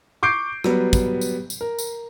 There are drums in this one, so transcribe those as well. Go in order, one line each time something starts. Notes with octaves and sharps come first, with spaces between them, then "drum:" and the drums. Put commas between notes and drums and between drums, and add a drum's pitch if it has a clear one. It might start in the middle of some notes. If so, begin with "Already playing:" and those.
C#6 D6 G6 C7 D7
F#3 G3 B3, drum: rim click
drum: kick, tambourine
drum: tambourine
drum: tambourine
A#4
drum: tambourine